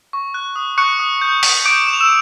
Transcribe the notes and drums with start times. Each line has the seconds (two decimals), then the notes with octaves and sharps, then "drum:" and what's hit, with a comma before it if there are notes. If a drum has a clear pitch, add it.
0.13 C#6
0.34 F#6
0.56 D#6
0.78 C#6 F#6 C#7
0.99 D#6
1.22 G6
1.43 D#6, drum: open hi-hat
1.65 D6 G6 D7
1.87 D#6 E7
1.93 F7
2.01 E6 E7